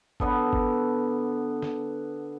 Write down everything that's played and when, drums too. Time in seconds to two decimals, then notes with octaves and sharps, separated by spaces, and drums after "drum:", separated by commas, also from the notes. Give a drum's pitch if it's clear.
0.20 D3 B3 A4, drum: kick G1
0.53 drum: kick G1
1.62 drum: snare